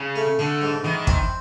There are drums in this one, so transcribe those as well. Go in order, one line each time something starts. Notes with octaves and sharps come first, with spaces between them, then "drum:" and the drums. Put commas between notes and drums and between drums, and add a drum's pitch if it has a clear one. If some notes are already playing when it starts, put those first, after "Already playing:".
Already playing: C#3
A3
D3 A3
G#2
D#3 E3
C4, drum: kick